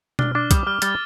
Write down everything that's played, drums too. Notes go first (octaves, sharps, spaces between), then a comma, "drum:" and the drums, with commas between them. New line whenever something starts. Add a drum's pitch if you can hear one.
D4 F6, drum: tom B2
D4 D6
G3 D#6, drum: kick C2, hi-hat
G3 F6
G3 A6, drum: hi-hat